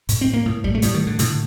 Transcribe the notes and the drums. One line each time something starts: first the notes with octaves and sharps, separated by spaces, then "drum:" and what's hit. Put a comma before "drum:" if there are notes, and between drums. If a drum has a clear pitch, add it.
A2, drum: hi-hat
C4
A#3
A2
G3, drum: kick
A3
A2 G3, drum: hi-hat
D#3
D3
A2 D3, drum: hi-hat